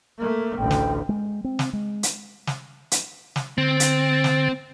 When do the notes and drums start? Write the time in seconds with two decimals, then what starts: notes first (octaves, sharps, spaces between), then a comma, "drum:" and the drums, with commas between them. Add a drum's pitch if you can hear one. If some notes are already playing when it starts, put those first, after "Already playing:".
0.18 A3 A#3
0.58 A1 D2 G5
0.71 drum: snare
1.09 G#3
1.44 C4
1.59 drum: snare
1.73 G#3
2.03 drum: hi-hat
2.47 drum: snare
2.91 drum: hi-hat
3.36 drum: snare
3.58 D3 C4
3.80 drum: hi-hat
4.24 drum: snare